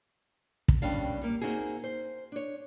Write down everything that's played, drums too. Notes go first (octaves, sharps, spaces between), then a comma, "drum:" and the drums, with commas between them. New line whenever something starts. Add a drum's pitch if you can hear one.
drum: kick
D#2 B2 G3 C#4 D4 F5
G3 A#3
A#3 C4 D#4 F#4 G#4
C5
D4 C#5